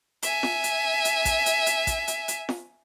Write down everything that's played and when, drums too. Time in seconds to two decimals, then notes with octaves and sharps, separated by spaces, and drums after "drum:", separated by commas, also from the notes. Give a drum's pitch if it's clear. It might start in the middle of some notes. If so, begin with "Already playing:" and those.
0.22 E5 G#5, drum: hi-hat
0.43 drum: snare
0.64 drum: hi-hat
1.05 drum: hi-hat
1.25 drum: kick A1, hi-hat
1.46 drum: hi-hat
1.66 drum: hi-hat
1.87 drum: kick A1, hi-hat
2.08 drum: hi-hat
2.28 drum: hi-hat
2.49 drum: snare